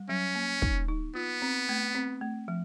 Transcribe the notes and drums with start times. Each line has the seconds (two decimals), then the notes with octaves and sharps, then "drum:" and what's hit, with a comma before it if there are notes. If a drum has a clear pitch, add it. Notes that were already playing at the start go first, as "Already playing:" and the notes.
Already playing: G3
0.09 F#3 C#4
0.35 A#3
0.62 D#4, drum: kick
0.88 D#4
1.15 B3 F4
1.42 C4
1.69 A3
1.95 C4
2.21 A3
2.48 F3